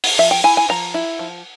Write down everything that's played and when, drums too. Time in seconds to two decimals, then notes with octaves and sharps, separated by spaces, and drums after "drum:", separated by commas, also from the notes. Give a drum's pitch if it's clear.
0.04 drum: open hi-hat
0.18 F3 E5
0.31 G5
0.44 E4 G#5
0.57 G#5
0.69 F3 A#5
0.94 E4
1.19 F3